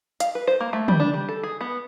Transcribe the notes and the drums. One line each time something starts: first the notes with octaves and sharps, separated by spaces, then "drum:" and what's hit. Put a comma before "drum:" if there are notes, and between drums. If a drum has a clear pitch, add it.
F5, drum: hi-hat
B4
C5
A#3
A3
G3, drum: tom
D4
G3
A4
G#4
B3